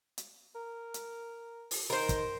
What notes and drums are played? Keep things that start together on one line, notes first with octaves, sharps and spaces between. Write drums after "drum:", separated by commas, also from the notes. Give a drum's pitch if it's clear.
drum: hi-hat
A#4
drum: hi-hat
drum: open hi-hat
D#3 A#4 C5
drum: kick, hi-hat